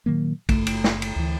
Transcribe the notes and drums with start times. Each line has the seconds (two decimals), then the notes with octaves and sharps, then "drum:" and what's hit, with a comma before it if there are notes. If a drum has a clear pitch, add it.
0.06 A#2 D#3 F#3 A#3
0.49 F#1 A3, drum: kick A#1, cymbal
0.67 drum: cymbal
0.84 drum: snare
1.02 drum: cymbal
1.16 D2 E3